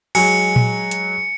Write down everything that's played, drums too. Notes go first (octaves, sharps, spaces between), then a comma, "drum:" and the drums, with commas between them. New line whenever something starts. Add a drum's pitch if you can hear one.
F#3 G#3 C#5 G#5 C#7, drum: cymbal
drum: tom A#2
drum: hi-hat